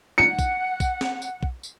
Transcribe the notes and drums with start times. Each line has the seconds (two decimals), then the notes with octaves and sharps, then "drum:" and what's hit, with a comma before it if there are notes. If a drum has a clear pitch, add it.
0.18 F#5 C#7
0.39 drum: kick, tambourine
0.80 drum: kick, tambourine
1.01 drum: snare C4
1.22 drum: tambourine
1.43 drum: kick
1.63 drum: tambourine